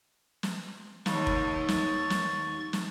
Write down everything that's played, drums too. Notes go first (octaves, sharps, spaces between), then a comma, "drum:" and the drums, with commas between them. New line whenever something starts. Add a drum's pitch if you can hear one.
drum: snare
D#2 C#6 A6, drum: snare
drum: kick
drum: snare
drum: snare
drum: snare